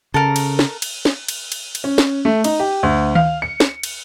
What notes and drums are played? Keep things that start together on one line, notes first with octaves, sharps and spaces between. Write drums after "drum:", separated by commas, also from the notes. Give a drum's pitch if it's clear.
C#3 A4 A#4
drum: cymbal
drum: snare
drum: cymbal
drum: snare
drum: cymbal
drum: cymbal
drum: cymbal
C#4
drum: snare
A3
D#4, drum: cymbal
G4
D2
F5, drum: tom D#3
C#7
drum: snare
drum: cymbal